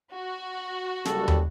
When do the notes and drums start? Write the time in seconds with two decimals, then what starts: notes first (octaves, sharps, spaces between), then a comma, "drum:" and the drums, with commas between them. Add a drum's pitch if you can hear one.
0.14 F#4
1.05 F#1 G3 A4, drum: snare
1.28 drum: tom